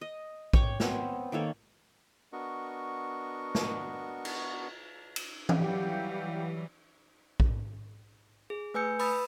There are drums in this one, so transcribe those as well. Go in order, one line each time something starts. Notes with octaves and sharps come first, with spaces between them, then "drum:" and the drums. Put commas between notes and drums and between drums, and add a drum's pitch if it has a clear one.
D#5
C#5 G5 C#6 D6, drum: kick A#1
B3 C4 C5 C#5, drum: snare
D#3 A#3 A4 C#5
B3 D4 F#4 A#4 D#5 C#6
drum: snare
drum: cymbal
drum: cymbal
drum: tom E3
E3 F#3 G3 G4 F5 F#5
drum: kick A#1
G#4
A3 B4 G#5 E6 G6 C#7
B4 B5 D#6 E6 A6, drum: open hi-hat